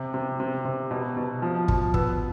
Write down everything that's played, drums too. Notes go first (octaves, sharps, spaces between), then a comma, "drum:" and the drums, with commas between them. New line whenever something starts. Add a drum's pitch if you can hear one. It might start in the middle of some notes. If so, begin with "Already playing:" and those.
Already playing: C3
C3
C3
C3
B2
B2
F3
F3, drum: kick
B3 E6, drum: kick